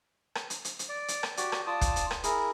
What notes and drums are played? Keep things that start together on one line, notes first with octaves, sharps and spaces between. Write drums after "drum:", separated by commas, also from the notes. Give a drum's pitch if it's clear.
drum: rim click
drum: hi-hat
drum: hi-hat
drum: hi-hat
D5
drum: hi-hat
drum: rim click
F#4 G4 D5, drum: hi-hat
drum: rim click
F4 D5 A5 D#6
drum: kick, hi-hat
drum: hi-hat
drum: rim click
E4 G#4 A#4, drum: hi-hat